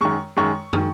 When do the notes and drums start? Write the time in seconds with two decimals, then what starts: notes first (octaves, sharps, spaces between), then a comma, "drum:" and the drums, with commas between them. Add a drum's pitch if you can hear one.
0.01 F#2 D#3 G#3 C#6
0.37 F#2 D#3 G#3 C#6
0.73 D#3 G#3, drum: tom